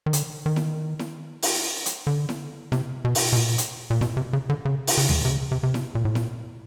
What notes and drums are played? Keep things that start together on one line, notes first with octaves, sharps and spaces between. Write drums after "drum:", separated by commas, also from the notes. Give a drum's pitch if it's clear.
D#3
D3, drum: hi-hat
D#3
drum: snare E4
drum: snare E4
drum: open hi-hat
drum: hi-hat
D3
drum: snare E4
C3, drum: snare E4
B2
drum: open hi-hat
B2
A#2
drum: hi-hat
A#2
B2, drum: snare E4
C3
C#3
D3
C#3
drum: open hi-hat
C#3
drum: tom D2
C3
C#3
C3
C3
B2, drum: snare E4
A#2
A2
A#2, drum: snare E4